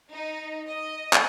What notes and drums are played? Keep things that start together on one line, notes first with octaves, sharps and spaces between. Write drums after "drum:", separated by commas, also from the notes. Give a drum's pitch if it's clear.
D#4
D#5
drum: clap